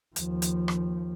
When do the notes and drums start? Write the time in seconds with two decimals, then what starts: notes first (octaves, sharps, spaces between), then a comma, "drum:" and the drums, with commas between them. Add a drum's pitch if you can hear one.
0.16 D#2 F3, drum: hi-hat
0.42 drum: hi-hat
0.68 drum: rim click